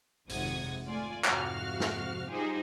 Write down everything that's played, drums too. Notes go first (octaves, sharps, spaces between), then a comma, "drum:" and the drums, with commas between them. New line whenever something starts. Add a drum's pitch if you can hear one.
G#1 F2 C3 F#5 D#6 G#6, drum: open hi-hat
A3 F4 D5 G#5
F2 G#2 C3 F#4 F5 F6, drum: clap
drum: snare
G3 D#4 F4 G4 G#4 C5